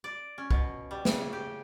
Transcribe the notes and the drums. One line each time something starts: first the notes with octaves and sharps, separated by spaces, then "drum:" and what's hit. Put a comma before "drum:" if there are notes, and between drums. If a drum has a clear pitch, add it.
D5
C#4
B2, drum: kick
G3
C#3, drum: snare
G4